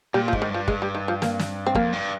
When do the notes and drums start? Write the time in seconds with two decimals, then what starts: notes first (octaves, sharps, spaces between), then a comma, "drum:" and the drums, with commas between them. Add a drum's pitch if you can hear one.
0.14 A#2 G3
0.28 F3
0.33 G#2, drum: kick
0.42 D#3
0.49 G2 F3
0.68 G#3, drum: kick
0.82 G3
0.95 D#3
1.08 F3
1.22 A#3, drum: snare
1.39 drum: snare
1.67 C4
1.75 F2 A#3, drum: kick
1.93 G2